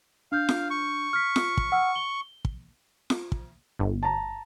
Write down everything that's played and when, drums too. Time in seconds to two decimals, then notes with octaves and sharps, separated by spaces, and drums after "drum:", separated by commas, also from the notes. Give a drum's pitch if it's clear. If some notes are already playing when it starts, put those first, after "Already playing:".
0.32 D4 F5 F6 G6
0.49 drum: snare F4
0.70 C#6
1.13 F6 B6
1.36 drum: snare F4
1.57 drum: kick
1.72 F#5 E6 F6
1.96 G7
2.45 drum: kick
3.10 drum: snare F4
3.32 drum: kick
3.79 G1
4.03 A5 A#5